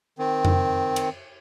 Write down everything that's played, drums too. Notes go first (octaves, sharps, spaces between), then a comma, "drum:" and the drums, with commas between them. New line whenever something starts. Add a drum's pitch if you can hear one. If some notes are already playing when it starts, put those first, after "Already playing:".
D#3 C4
drum: tom F2
drum: cymbal